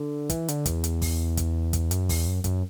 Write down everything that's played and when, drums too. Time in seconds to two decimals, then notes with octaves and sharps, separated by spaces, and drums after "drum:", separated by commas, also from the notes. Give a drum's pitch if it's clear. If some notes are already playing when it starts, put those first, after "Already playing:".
Already playing: D3
0.30 E3, drum: kick, hi-hat
0.48 D3, drum: hi-hat
0.66 E2, drum: kick, hi-hat
0.84 drum: hi-hat
1.02 drum: kick, open hi-hat
1.37 drum: kick, hi-hat
1.73 drum: kick, hi-hat
1.91 F#2, drum: hi-hat
2.09 E2, drum: kick, open hi-hat
2.27 F#2
2.44 F#2, drum: kick, hi-hat